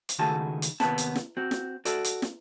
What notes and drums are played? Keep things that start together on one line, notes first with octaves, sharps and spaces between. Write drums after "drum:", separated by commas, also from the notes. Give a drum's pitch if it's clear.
drum: hi-hat
C#2 D#3 A3 F#4 G#4 A5
drum: hi-hat
D#2 C3 B3 B4 A5, drum: snare
drum: hi-hat
drum: snare
C4 F#4
drum: snare
F#4 A4 D5, drum: hi-hat
drum: hi-hat
drum: snare